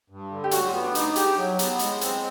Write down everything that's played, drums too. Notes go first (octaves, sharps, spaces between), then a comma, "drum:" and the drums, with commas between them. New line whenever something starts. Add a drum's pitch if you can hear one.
G2
D3
G4
F#3 F#4, drum: hi-hat
B3 F4
D4
D4 D#4, drum: hi-hat
G4 G#4, drum: hi-hat
F#3
B3, drum: hi-hat
G#3, drum: hi-hat
C4, drum: hi-hat